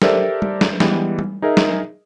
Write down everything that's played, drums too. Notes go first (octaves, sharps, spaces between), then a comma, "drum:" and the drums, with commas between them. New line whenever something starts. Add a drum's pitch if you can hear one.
G4 A4 A#4 C5 D5 E5, drum: snare
drum: tom G3
drum: snare
E3 G3 G#3 B3, drum: snare
drum: tom G3
D#4 G#4 A#4 D#5 E5
drum: snare